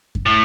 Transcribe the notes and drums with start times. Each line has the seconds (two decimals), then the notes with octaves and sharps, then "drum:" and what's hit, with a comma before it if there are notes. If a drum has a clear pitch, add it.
0.15 drum: kick F#2
0.26 A2